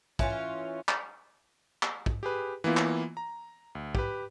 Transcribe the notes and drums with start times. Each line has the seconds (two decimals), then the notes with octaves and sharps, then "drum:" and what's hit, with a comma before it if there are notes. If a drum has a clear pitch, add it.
0.19 E3 C#4 F4, drum: kick
0.89 drum: clap
1.83 drum: clap
2.06 drum: kick
2.23 G4 G#4 B4
2.64 E3 A#3 B3 E4 F4
2.77 drum: clap
3.17 A#5
3.75 D2
3.95 G4 B4, drum: kick